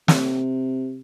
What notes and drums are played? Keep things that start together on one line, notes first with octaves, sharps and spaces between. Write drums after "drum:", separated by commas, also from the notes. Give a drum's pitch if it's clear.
C3, drum: snare